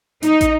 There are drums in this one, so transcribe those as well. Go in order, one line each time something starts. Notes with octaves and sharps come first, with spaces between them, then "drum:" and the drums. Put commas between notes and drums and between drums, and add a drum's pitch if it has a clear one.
D#4, drum: hi-hat
drum: kick, hi-hat